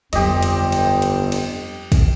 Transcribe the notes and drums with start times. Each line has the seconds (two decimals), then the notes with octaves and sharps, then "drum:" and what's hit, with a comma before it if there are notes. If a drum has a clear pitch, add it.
0.13 G1 F2 F#3 C4 G4 D#5, drum: cymbal
0.43 drum: cymbal
0.72 drum: cymbal
1.02 drum: cymbal
1.32 drum: cymbal
1.92 drum: kick, cymbal